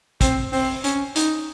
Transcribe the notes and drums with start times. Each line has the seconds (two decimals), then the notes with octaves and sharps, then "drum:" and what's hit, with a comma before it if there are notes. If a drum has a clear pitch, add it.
0.21 C4, drum: kick, hi-hat
0.53 C4, drum: open hi-hat
0.84 C#4, drum: hi-hat
1.15 D#4, drum: hi-hat